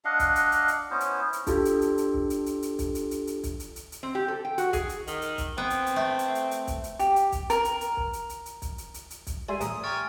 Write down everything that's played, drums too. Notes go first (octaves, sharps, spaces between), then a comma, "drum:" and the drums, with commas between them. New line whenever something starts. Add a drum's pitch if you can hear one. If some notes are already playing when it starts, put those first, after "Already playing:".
D4 D#5 F5 F#5
drum: kick, hi-hat
drum: hi-hat
drum: hi-hat
drum: hi-hat
B3 C#4 E4 C5
drum: hi-hat
drum: hi-hat
D4 F4 G4 A4, drum: kick, hi-hat
drum: hi-hat
drum: hi-hat
drum: hi-hat
drum: kick
drum: hi-hat
drum: hi-hat
drum: hi-hat
drum: kick, hi-hat
drum: hi-hat
drum: hi-hat
drum: hi-hat
drum: kick, hi-hat
drum: hi-hat
drum: hi-hat
drum: hi-hat
C4
G4
A4
G5
F#4, drum: hi-hat
G#4, drum: kick, hi-hat
drum: hi-hat
D#3, drum: hi-hat
drum: hi-hat
drum: kick, hi-hat
B3 C4
drum: hi-hat
drum: hi-hat
A3
drum: hi-hat
drum: hi-hat
drum: hi-hat
drum: kick, hi-hat
drum: hi-hat
G4, drum: hi-hat
drum: hi-hat
drum: kick, hi-hat
A#4, drum: hi-hat
drum: hi-hat
drum: hi-hat
drum: kick
drum: hi-hat
drum: hi-hat
drum: hi-hat
drum: kick, hi-hat
drum: hi-hat
drum: hi-hat
drum: hi-hat
drum: kick, hi-hat
G3 E5 G#5 C6
A1 A#5 D#6, drum: hi-hat
G4 G#5 C#6 F6 A6 D7